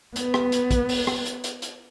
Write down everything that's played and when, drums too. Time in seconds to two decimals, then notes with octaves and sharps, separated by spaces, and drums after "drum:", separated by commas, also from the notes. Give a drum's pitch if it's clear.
0.16 B3, drum: hi-hat
0.34 drum: rim click
0.52 drum: hi-hat
0.71 drum: kick A#1, hi-hat
0.89 drum: open hi-hat
1.07 drum: rim click
1.26 drum: hi-hat
1.44 drum: hi-hat
1.62 drum: hi-hat